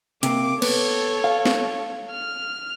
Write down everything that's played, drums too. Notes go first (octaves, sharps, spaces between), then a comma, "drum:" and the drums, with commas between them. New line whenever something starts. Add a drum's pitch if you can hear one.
C3 A#3 D6, drum: hi-hat
B3 A4 C#5, drum: cymbal
F5
drum: snare
F6